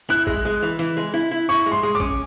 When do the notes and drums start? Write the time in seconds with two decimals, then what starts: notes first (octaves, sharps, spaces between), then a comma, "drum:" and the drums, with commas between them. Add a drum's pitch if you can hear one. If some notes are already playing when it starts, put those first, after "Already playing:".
0.10 E4 F#6
0.27 G#3, drum: kick A1
0.45 G#3
0.62 E3
0.79 E3, drum: hi-hat
0.97 G#3
1.14 E4
1.31 E4
1.49 E4 C#6
1.66 G#3
1.72 C6
1.83 G#3
1.95 D6
2.00 C#4, drum: kick A1